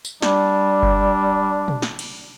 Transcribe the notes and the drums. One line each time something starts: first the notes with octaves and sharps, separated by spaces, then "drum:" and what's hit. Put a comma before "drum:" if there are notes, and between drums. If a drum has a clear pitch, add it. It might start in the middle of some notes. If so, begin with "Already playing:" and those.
drum: tambourine
G3 D4, drum: snare
drum: kick F#1
drum: tom
drum: snare
drum: cymbal